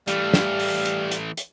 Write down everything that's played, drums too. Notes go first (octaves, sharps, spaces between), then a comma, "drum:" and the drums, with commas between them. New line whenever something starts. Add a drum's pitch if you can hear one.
E3 G3 A3 F5, drum: hi-hat
drum: snare
drum: open hi-hat
drum: hi-hat
drum: hi-hat
drum: hi-hat